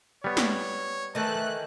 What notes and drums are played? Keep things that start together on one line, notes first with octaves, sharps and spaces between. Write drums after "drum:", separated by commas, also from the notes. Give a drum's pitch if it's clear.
G3 B3 C#5
drum: snare
D#3 E3 A3 A5 F#6